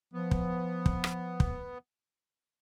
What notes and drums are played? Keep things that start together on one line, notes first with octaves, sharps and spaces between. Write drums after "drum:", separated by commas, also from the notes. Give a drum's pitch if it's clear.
F3 B3
drum: kick
drum: kick
drum: rim click
drum: kick